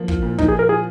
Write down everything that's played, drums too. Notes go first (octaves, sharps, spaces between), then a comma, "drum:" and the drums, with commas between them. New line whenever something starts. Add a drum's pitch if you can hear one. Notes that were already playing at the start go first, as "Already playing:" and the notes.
Already playing: F3 A#3
F4, drum: kick
A#2
F3 D#4, drum: kick
G#4
A#3 A#4
A#4
F4 G#4